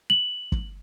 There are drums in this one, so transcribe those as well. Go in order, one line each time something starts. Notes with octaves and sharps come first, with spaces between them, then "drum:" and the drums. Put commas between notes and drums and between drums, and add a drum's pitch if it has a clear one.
F#7
drum: kick